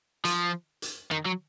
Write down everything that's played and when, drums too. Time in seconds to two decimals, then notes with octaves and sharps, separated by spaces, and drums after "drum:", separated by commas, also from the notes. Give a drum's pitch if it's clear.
0.25 F3, drum: hi-hat
0.82 drum: hi-hat
1.11 D#3, drum: rim click
1.25 F#3